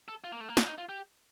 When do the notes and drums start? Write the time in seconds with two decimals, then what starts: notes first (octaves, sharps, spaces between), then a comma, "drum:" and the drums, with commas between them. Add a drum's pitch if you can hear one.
0.08 A4
0.24 F4
0.32 A#3
0.40 A3
0.49 A#3
0.57 D4, drum: snare
0.67 D#4
0.78 F4
0.89 G4